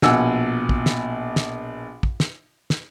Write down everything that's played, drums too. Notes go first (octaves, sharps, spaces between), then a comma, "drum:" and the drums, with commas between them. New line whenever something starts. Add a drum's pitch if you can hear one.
A#1 B2 F#5 G#5 E6, drum: snare
drum: kick
drum: snare
drum: snare
drum: kick
drum: snare
drum: snare